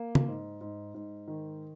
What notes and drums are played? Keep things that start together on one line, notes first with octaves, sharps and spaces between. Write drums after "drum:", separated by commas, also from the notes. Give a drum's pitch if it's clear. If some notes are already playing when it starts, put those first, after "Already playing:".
Already playing: A#3
drum: tom C#3
G#2
G#2
G#2
D#3